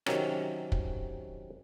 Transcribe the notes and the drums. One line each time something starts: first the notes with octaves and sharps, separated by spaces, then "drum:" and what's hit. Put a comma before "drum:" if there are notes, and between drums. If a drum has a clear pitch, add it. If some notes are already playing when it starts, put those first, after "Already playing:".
C3 D#3 F#3 C#4, drum: rim click
drum: kick